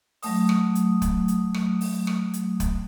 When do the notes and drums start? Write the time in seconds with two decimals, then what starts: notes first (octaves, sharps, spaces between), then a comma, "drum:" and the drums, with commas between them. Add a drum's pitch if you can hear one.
0.23 F#3 A3 D#6, drum: open hi-hat
0.49 drum: rim click
0.75 drum: hi-hat
1.02 drum: kick, hi-hat
1.28 drum: hi-hat
1.54 drum: rim click
1.81 drum: open hi-hat
2.07 drum: rim click
2.34 drum: hi-hat
2.60 drum: kick, hi-hat